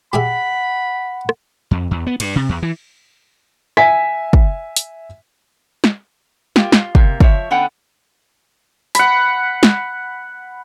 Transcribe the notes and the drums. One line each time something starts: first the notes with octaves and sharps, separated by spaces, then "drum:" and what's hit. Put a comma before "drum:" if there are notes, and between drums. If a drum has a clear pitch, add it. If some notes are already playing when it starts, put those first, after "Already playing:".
G4 G#4 E5 F#5 B5
drum: rim click
F2
E2
B3
G2, drum: cymbal
C3
E2
E3
E5 G#5 B6, drum: rim click
drum: kick
drum: hi-hat
drum: snare
A#3 F4 G4, drum: snare
F4, drum: snare
C3 A#3, drum: kick
F3 C#5 E5, drum: kick
D3 B3 C#4 F#5 G5
F#5 B5, drum: hi-hat
drum: snare